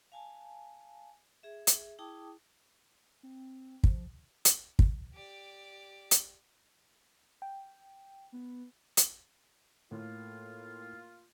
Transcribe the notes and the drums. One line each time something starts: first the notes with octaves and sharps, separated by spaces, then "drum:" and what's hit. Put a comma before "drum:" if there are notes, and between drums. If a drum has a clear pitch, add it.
F5 G#5 A5
G#4 E5
drum: hi-hat
E4 G#4 G5 A5 D6 D#6
C4
F3, drum: kick
drum: hi-hat
drum: kick
G4 D5
drum: hi-hat
G5
B3
drum: hi-hat
A2 A#3 F4